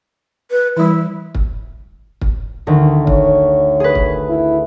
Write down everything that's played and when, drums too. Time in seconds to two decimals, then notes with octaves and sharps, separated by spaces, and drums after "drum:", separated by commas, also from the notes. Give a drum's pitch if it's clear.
0.51 B4
0.77 E3 G3 E4
1.35 drum: kick
2.21 drum: kick
2.67 D2 D#3
3.07 C#5, drum: kick
3.80 G#4 B4
3.95 drum: kick
4.30 E4